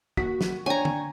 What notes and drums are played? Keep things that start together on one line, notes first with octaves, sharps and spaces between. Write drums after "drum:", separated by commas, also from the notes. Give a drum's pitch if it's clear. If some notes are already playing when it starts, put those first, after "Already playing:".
D#2 F#4 B6, drum: kick
drum: snare
D4 C#5 G5 G#5 A#5
drum: tom